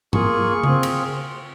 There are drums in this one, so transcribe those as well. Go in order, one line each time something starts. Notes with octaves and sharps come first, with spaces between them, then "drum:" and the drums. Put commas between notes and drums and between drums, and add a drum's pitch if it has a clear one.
A#3 F4 G#4 C#6, drum: tom G2
C4 F4 G#4, drum: tom C#3
drum: cymbal